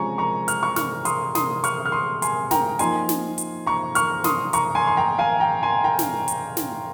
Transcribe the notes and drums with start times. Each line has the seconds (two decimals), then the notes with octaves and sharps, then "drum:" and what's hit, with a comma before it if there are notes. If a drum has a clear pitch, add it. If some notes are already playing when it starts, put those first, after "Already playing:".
Already playing: C3 F3 G#3 C#4 G#5 A#5 C#6
0.18 A#5 C#6
0.48 F6, drum: hi-hat
0.63 C#6 F6
0.76 C#6 F6, drum: snare
1.05 C6 D#6, drum: hi-hat
1.35 C6 D#6, drum: snare
1.64 C#6 F6, drum: hi-hat
1.85 F6
1.92 C6 D#6
2.22 G#5 C6, drum: hi-hat
2.51 G5 A#5, drum: snare
2.79 F3 A#3 D#4 G#5 C6, drum: hi-hat
3.09 drum: snare
3.38 drum: hi-hat
3.67 A#5 C#6
3.95 C#6 F6, drum: hi-hat
4.24 C6 D#6, drum: snare
4.53 A#5 C#6, drum: hi-hat
4.75 G#5 C6
4.87 C6
4.97 G5 A#5
5.18 F5 G#5
5.40 G5 A#5
5.63 G#5 C6
5.84 G5 A#5
5.99 drum: snare
6.28 drum: hi-hat
6.57 drum: snare